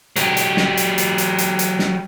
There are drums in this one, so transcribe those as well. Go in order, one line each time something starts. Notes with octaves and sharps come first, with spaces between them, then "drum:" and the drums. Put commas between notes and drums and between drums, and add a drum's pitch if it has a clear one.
F#3 G4, drum: hi-hat
drum: hi-hat
drum: snare
drum: hi-hat
drum: hi-hat
drum: hi-hat
drum: hi-hat
drum: hi-hat
drum: snare